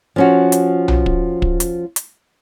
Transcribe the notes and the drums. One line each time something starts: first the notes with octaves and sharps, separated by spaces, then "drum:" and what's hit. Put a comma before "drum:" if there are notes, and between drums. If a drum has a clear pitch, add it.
F3 C#4 F#4
drum: hi-hat
drum: tom B1
drum: kick
drum: kick
drum: hi-hat
drum: hi-hat